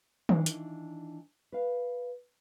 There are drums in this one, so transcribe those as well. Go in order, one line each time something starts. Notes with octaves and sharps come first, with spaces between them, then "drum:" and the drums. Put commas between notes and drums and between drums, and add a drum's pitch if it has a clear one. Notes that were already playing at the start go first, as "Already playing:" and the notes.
D#3 E3 D4 F4, drum: tom D#3
drum: hi-hat
B4 F5